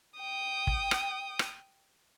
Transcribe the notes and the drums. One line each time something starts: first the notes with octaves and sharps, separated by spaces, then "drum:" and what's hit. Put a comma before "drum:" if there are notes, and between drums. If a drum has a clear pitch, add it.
G5 D#6
drum: kick
drum: rim click
drum: rim click